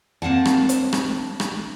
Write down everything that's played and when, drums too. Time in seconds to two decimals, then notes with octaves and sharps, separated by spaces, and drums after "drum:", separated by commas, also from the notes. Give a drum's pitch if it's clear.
0.22 A#3 C4 F#5 A5
0.45 drum: rim click
0.69 drum: hi-hat
0.93 drum: rim click
1.40 drum: rim click